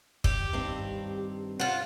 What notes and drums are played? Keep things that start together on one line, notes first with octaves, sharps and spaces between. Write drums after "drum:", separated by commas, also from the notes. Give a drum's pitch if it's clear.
G4, drum: kick
G2 D#3 C4
F4 C5 F#5